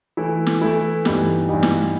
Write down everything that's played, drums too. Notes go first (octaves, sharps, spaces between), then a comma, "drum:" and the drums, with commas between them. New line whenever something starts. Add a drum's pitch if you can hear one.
E3 A3 E4
drum: snare
E3 A3 E4
G2 E3 B3 D#4 G4, drum: snare
G2 E3 B3 D#4 G4
drum: snare